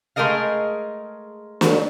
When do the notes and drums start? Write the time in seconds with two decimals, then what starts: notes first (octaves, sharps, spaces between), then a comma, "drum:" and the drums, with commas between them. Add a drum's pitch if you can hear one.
0.16 G#3 A3 G#4 A#4 D#5 F5
1.61 drum: snare